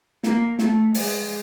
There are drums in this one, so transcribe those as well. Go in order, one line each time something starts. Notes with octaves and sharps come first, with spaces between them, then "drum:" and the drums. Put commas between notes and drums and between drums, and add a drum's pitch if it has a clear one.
A#3, drum: snare
A3, drum: snare
G#3, drum: open hi-hat